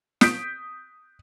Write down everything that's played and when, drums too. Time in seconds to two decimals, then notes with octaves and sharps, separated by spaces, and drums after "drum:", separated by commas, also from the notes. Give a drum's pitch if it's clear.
0.21 D#6 G6 B6 D7, drum: snare